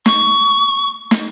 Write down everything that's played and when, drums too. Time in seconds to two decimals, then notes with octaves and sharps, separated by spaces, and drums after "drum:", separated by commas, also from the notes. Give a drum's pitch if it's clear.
0.06 C#6, drum: snare
1.11 drum: snare